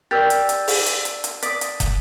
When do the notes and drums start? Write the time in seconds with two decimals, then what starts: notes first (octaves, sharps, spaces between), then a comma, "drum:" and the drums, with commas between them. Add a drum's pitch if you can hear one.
0.11 G4 A#4 D5 E6 A6
0.30 drum: hi-hat
0.49 drum: hi-hat
0.68 drum: open hi-hat
0.86 drum: hi-hat
1.05 drum: hi-hat
1.24 drum: hi-hat
1.43 D5 D#6 B6, drum: hi-hat
1.61 drum: hi-hat
1.80 drum: kick, hi-hat